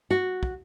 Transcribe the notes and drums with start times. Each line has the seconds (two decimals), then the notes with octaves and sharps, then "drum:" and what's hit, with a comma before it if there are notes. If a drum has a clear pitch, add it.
0.11 F#4
0.43 drum: kick